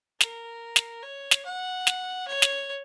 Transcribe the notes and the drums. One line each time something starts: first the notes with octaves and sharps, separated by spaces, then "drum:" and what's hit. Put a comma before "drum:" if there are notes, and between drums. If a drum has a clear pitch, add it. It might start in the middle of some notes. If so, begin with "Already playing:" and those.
A#4, drum: snare
drum: snare
C#5
drum: snare
F#5
drum: snare
C#5
drum: snare